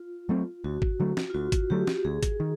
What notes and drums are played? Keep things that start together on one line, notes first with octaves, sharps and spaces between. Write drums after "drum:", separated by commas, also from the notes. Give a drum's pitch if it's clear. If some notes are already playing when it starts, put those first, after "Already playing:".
Already playing: F4
F#3 A3 C4
D2 F#4
drum: kick G#1
D3 F#3 A3
drum: snare
F4
D2 F#4
drum: kick G#1, hi-hat
D3 F#3 A3 G4
drum: snare
D2 G#4
drum: kick G#1, hi-hat
D#3